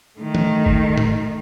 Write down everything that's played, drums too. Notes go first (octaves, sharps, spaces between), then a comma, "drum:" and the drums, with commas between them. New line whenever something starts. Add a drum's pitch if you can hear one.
D#3 A3
drum: tom E3
drum: kick
drum: tom G#2